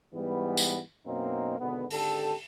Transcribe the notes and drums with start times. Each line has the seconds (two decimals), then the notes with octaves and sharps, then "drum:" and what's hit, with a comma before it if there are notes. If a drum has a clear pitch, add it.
0.12 G#2 E3 G3 B3
0.57 drum: tambourine
1.06 F#2 B2 A#3 C4 D#4
1.58 G#1 B2 D3 B3
1.90 G#1 D3 G4 A4, drum: open hi-hat